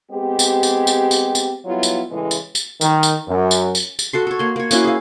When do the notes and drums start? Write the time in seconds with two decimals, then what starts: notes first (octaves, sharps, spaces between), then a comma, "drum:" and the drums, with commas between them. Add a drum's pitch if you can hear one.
0.11 G#3 B3 C4 G4
0.39 drum: tambourine
0.63 drum: tambourine
0.87 drum: tambourine
1.11 drum: tambourine
1.35 drum: tambourine
1.65 F#3 G3 B3 E4 F4
1.83 drum: tambourine
2.10 A2 C#3 E3 G#3
2.31 drum: tambourine
2.55 drum: tambourine
2.81 D#3, drum: tambourine
3.03 drum: tambourine
3.28 F#2
3.51 drum: tambourine
3.75 drum: tambourine
3.99 drum: tambourine
4.13 F#4 A4 C6
4.27 A4 C#5
4.39 A#3 C6
4.56 A#3 C#5
4.71 A#3 C#4 E4 F#4, drum: tambourine
4.84 G#4 F5